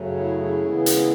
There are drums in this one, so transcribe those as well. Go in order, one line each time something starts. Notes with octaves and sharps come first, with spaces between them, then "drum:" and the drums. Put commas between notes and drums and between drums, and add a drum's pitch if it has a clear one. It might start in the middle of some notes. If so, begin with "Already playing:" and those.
Already playing: F#2 C#3 F#3 A3 C#4
E4 G#4
E4 G#4
C#3 E3 G#3 B3
drum: hi-hat